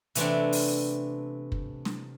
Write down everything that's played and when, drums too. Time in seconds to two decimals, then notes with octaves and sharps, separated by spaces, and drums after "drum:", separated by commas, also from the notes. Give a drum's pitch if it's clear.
0.15 C3 E3 A3 B3 C4 D4, drum: hi-hat
0.52 drum: open hi-hat
1.52 drum: kick
1.85 drum: snare